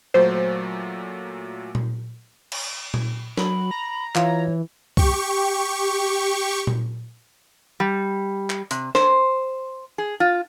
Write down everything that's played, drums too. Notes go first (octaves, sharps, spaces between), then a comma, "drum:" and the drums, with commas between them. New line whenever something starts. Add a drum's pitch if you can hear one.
A#2 F#3 A3 C5
drum: tom A#2
drum: cymbal
drum: tom A#2
F#3 B5, drum: snare
A#5
E3 F4 C#5, drum: clap
G4 C#6, drum: kick C2
drum: tom A#2
G3
drum: clap
C3, drum: hi-hat
C5, drum: snare
G#4
F4